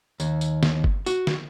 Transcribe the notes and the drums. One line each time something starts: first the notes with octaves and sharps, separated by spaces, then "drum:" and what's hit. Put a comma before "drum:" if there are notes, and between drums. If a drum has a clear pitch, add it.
D#2, drum: tambourine
drum: tambourine
drum: snare
drum: kick G1
F#4, drum: tambourine
drum: snare